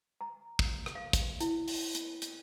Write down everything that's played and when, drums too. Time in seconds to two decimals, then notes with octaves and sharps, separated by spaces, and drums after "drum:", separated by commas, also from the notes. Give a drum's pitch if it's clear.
0.21 A#5
0.59 drum: kick
0.86 drum: rim click
0.95 F5
1.13 drum: kick, hi-hat
1.40 E4, drum: hi-hat
1.68 drum: open hi-hat
1.95 drum: hi-hat
2.22 drum: hi-hat